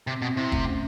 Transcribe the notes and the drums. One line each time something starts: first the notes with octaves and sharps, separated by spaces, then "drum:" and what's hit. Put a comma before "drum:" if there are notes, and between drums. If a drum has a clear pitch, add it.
C3 C4
B2 C4
C3 E4
A3, drum: kick
C#4